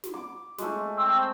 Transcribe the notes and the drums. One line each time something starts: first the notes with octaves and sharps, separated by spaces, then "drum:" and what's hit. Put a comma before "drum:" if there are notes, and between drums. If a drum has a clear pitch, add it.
drum: snare
D6
G#3 A3, drum: snare
C4 E6